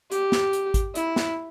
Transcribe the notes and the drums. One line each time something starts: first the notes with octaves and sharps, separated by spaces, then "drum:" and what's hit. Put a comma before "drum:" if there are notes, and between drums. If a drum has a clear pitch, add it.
G4, drum: hi-hat
drum: snare
drum: hi-hat
drum: kick G#1, hi-hat
E4, drum: hi-hat
drum: snare